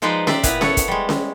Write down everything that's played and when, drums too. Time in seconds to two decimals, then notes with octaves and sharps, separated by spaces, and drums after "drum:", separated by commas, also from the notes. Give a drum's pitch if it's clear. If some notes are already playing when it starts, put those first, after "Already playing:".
0.02 F3 G#3 D#4 B4 C5 D5
0.27 G4 C5 D5 E5, drum: snare C#4
0.43 A#2 B3 E4 B4 A#5, drum: kick, hi-hat
0.61 A4 C#5 F#5, drum: snare C#4
0.77 drum: kick, hi-hat
0.88 G3 G#3
1.09 drum: snare C#4